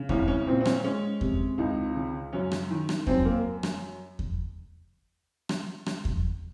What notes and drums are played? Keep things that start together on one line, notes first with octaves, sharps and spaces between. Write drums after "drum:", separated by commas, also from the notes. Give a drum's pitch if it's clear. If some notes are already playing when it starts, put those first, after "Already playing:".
Already playing: C#3
C2 C#4, drum: kick E2
C#4
A#2 C4
C4
C#4, drum: rim click
G#3 C#4
C3, drum: kick E2
C#2 D#4
C#3
F#2 C#4
drum: rim click
D#3
drum: rim click
F#2 C4, drum: kick E2
A#3
drum: rim click
drum: kick E2
drum: rim click
drum: rim click
drum: kick E2